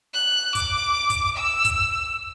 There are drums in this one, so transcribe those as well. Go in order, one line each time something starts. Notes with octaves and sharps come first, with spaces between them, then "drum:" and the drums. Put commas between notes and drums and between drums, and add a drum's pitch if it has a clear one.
F#6
D6, drum: kick, hi-hat
drum: kick, hi-hat
E6
drum: kick, hi-hat